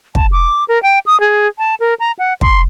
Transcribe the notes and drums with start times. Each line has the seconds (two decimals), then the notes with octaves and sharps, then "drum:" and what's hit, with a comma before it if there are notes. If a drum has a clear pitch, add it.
0.15 A5, drum: kick
0.32 D6
0.68 A#4
0.83 G5
1.06 D#6
1.20 G#4
1.58 A5
1.80 A#4
2.00 A#5
2.19 F#5
2.41 C6, drum: kick